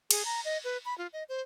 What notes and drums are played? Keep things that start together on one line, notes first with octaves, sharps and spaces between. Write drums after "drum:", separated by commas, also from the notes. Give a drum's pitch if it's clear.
G#4, drum: cymbal
A#5
D#5
B4
B5
F4
D#5
C5